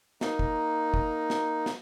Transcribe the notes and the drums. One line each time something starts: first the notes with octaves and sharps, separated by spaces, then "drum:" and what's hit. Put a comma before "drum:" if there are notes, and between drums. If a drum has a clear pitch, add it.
A#3 D#4, drum: snare
drum: kick
drum: kick
drum: snare
drum: snare